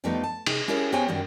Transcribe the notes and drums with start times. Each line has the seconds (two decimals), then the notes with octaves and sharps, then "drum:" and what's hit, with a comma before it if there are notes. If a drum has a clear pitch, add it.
0.04 F2 F3 G3 A3 B3 D#4
0.23 A5
0.46 C3 D#4 G#4, drum: cymbal
0.68 C#4 E4 G4 G#4 A#4 C#5
0.92 B3 G4 C5 C#5 G5 G#5
1.08 F#2 D#3 G3 F#4